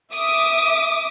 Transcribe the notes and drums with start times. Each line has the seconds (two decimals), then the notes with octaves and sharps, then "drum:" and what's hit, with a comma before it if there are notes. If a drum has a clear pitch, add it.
0.12 E5 D6 D#6, drum: open hi-hat